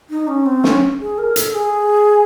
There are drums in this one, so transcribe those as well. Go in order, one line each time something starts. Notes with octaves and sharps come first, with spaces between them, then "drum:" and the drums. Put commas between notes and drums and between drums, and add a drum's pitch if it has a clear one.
D#4
C#4
C4
C#4, drum: snare
G#4
A#4
A4, drum: hi-hat
G#4